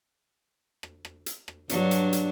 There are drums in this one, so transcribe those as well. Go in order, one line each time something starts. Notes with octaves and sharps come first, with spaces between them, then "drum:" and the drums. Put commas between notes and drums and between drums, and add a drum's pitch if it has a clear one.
drum: rim click
drum: rim click
drum: hi-hat
drum: rim click
G2 F#3 D4, drum: hi-hat
drum: hi-hat
drum: hi-hat